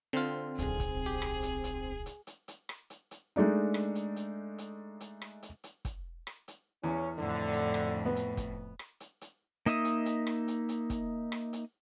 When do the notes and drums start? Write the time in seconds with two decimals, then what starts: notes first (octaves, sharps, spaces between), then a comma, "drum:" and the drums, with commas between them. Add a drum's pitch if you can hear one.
0.13 D3 C4 F4
0.59 D1 B1 G#4, drum: hi-hat
0.80 drum: kick, hi-hat
1.06 G4
1.22 drum: rim click
1.43 drum: hi-hat
1.64 drum: hi-hat
2.06 drum: hi-hat
2.27 drum: hi-hat
2.48 drum: hi-hat
2.69 drum: rim click
2.90 drum: hi-hat
3.11 drum: hi-hat
3.36 G#3 A3 D4 D#4
3.74 drum: rim click
3.95 drum: hi-hat
4.16 drum: hi-hat
4.58 drum: hi-hat
5.00 drum: hi-hat
5.22 drum: rim click
5.43 drum: hi-hat
5.64 drum: hi-hat
5.85 drum: kick, hi-hat
6.27 drum: rim click
6.48 drum: hi-hat
6.84 E2 C#4
7.18 F2 A2 D3
7.53 drum: hi-hat
7.74 drum: rim click
8.05 B3
8.16 drum: hi-hat
8.37 drum: kick, hi-hat
8.79 drum: rim click
9.00 drum: hi-hat
9.21 drum: hi-hat
9.66 A#3 D#4 D#5 E5 D#6, drum: hi-hat
9.85 drum: hi-hat
10.06 drum: hi-hat
10.27 drum: rim click
10.48 drum: hi-hat
10.69 drum: hi-hat
10.90 drum: kick, hi-hat
11.32 drum: rim click
11.53 drum: hi-hat